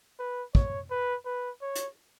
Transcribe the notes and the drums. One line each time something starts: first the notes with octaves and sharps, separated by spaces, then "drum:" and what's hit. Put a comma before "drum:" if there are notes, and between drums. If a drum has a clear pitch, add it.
B4
C#5, drum: kick
B4
B4
C#5
drum: hi-hat